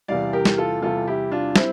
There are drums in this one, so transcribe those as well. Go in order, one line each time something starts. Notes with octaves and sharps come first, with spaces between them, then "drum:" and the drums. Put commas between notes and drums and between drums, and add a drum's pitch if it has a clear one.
E2 C3 E3 G3 D5 F5
G4 A#4
drum: snare
F4 A4
E2 C3 E3 G3 F4 A4
E4 G4
D4 F4
G3 C4 E4, drum: snare